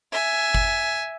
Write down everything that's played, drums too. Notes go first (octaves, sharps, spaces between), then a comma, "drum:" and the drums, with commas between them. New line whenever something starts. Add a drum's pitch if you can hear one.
E5 G#5
drum: kick G1